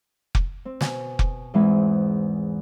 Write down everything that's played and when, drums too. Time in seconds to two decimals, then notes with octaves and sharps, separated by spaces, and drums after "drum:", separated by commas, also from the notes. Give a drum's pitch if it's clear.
0.35 drum: kick F1
0.65 C4
0.81 B2 G#5, drum: snare
1.19 drum: kick F1
1.54 E2 G#2 E3 G#3 C4 B4